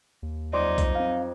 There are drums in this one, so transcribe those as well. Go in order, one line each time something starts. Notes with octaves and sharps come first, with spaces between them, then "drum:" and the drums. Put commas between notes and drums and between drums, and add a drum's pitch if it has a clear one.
D#2
F2 F#3 D#4 D5 C6 D6
drum: kick B1, hi-hat
C4 F5